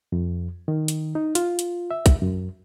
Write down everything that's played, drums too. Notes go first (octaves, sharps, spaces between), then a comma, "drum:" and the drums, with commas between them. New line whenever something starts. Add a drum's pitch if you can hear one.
F2
D#3
drum: hi-hat
D#4
F4, drum: hi-hat
drum: hi-hat
E5
drum: kick, hi-hat
F#2